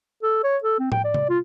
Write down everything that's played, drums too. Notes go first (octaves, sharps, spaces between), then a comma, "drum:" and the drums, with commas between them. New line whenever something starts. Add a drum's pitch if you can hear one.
A4
C#5
A4
C4
G5, drum: tom
D5
drum: tom C3
F4